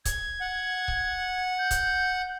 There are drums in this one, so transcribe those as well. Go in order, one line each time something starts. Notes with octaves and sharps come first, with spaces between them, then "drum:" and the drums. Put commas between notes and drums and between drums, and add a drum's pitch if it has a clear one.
G#6, drum: kick C#1, hi-hat
F#5
drum: kick C#1
G6
drum: kick C#1, hi-hat